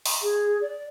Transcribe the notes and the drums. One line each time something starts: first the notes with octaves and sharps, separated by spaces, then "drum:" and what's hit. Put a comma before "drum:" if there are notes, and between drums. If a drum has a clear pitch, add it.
drum: open hi-hat
G#4
D5